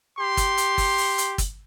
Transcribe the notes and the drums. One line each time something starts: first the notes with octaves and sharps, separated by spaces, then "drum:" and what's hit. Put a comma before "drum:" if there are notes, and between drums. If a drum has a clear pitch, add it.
G4 C6
drum: kick, hi-hat
drum: hi-hat
drum: kick, open hi-hat
drum: open hi-hat
drum: hi-hat
drum: kick, hi-hat